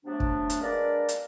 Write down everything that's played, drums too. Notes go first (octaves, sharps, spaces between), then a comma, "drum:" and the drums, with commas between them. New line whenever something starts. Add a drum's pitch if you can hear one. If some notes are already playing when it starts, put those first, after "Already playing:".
C3 F#3 A3 B3 D4
drum: kick
drum: hi-hat
G#3 A#3 D4 A#4 B4 D5
drum: hi-hat